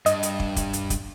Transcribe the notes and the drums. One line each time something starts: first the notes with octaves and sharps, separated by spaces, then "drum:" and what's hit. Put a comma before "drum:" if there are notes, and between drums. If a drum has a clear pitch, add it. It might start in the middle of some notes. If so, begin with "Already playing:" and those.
G2 D#5, drum: hi-hat
drum: hi-hat
drum: kick
drum: kick, hi-hat
drum: hi-hat
drum: kick, hi-hat